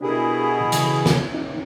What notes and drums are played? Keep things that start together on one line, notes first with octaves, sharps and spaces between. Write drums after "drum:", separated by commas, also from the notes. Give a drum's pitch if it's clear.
B2 D4 E4 G4 G#4 A#4
C#3 E3, drum: hi-hat
drum: snare
D#4